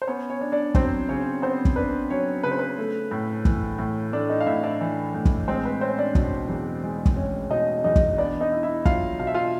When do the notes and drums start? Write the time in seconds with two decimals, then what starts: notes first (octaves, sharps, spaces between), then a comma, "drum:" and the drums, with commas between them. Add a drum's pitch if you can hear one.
0.02 C5
0.07 B3 C#4 C#5
0.30 C#4 C#5
0.41 D4
0.52 D4 D5
0.75 F#3 C4 C5, drum: kick
1.09 C#3 C#4 C#5
1.42 B3 C4 C5
1.65 drum: kick
1.76 D4 B4
2.10 F#3 C#4 C#5
2.43 C#3 B4
2.51 C5
2.59 B4
2.78 A3
3.11 A2
3.45 E3, drum: kick
3.79 A2
4.12 A3 D4 D5
4.30 D#4 D#5
4.41 F5
4.46 A2 E4 E5
4.63 D4 D5
4.81 E3
5.15 A2
5.25 drum: kick
5.48 G#3 C4 C5
5.65 B4
5.81 C4 C#4 C5
5.99 D4 D5
6.15 B2, drum: kick
6.49 E2
6.84 G#3
7.06 drum: kick
7.17 C#4
7.50 B2 D#4 D#5
7.84 E2 D#4 D#5
7.96 drum: kick
8.18 B3 D4 D5
8.40 D#4 D#5
8.52 E4
8.63 E4 E5
8.85 F#3 F4 F5, drum: kick
9.20 B2 F5
9.27 E5
9.34 F4 F5